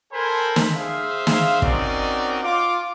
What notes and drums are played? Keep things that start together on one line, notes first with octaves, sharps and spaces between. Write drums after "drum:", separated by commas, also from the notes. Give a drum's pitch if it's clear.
A4 A#4 C5 G#5 A5 B5
drum: snare
G#4 C5 E5 F5
drum: snare
C4 C#4 D#4 F#4 A#4 D5, drum: kick
F4 D6